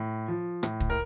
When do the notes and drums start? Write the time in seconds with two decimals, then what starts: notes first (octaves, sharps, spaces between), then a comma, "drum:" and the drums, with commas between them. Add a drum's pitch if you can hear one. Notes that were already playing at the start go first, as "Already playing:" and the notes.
Already playing: A2
0.28 F3
0.63 A2, drum: rim click
0.80 drum: kick
0.90 A#4